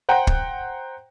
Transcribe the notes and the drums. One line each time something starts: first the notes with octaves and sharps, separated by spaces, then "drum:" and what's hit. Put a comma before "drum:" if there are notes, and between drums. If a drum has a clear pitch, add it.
C5 F#5 G5 A#5
drum: kick